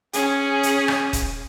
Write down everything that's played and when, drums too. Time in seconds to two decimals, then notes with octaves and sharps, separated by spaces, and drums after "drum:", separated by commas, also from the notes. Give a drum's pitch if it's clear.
0.13 C#4 G#4, drum: hi-hat
0.63 drum: hi-hat
0.88 drum: rim click
1.13 drum: kick D#1, hi-hat